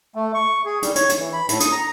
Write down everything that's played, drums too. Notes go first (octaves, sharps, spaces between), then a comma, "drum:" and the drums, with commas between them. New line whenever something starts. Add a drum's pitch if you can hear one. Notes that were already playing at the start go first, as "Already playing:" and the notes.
A3
C#6
G#4
G3, drum: hi-hat
C#5, drum: hi-hat
drum: hi-hat
E3
B5
A2, drum: hi-hat
D#6, drum: hi-hat
A#5